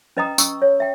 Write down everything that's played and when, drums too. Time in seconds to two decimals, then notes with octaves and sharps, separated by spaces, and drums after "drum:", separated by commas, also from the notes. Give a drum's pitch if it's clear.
0.17 C#4 B4 D#5 G5 A#5 D#6
0.38 C#4 C#6 E6, drum: tambourine
0.62 C#5
0.80 E5 G5